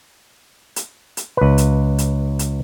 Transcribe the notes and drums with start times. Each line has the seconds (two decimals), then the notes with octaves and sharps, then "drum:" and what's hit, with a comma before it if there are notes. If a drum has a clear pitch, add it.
0.76 drum: hi-hat
1.17 drum: hi-hat
1.37 C#2 B4
1.58 drum: hi-hat
1.98 drum: hi-hat
2.39 drum: hi-hat